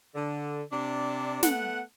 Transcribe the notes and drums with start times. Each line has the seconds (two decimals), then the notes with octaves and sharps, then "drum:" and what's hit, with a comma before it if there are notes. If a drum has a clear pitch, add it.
0.15 D3
0.71 C3 D4
1.43 A3 B3 F#5, drum: snare